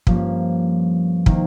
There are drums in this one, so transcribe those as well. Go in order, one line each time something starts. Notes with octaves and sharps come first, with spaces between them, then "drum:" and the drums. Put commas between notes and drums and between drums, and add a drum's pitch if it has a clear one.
G2 F3 A#3 C#4, drum: kick
C3 D#3 A#3, drum: kick